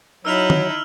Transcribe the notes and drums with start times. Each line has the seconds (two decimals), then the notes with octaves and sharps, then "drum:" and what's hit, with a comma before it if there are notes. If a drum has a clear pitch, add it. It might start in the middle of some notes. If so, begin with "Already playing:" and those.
0.25 F#3 D#4 E4 E6 F6 F7
0.50 drum: tom